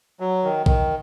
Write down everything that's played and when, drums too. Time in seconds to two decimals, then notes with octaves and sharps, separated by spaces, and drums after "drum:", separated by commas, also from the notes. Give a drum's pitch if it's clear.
0.20 F#3
0.44 D#3
0.66 D#3, drum: kick A#1